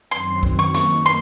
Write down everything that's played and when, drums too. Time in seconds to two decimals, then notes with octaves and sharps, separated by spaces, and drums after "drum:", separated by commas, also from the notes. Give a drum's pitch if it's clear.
0.11 F#2 D#3 F#3 C4 C6
0.43 drum: kick
0.59 C#6
0.74 D#3 A#3 D#4 C#6, drum: snare
1.06 C6